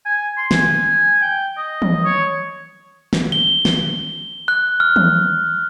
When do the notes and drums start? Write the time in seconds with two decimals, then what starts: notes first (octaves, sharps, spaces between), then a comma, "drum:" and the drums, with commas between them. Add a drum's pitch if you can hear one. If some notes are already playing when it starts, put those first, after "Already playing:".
0.05 G#5
0.37 C6
0.51 G#5, drum: snare
1.21 G5
1.57 D#5
1.82 drum: tom
2.05 C#5
3.13 drum: snare
3.32 G7
3.65 drum: snare
4.48 F#6
4.80 F6
4.96 drum: tom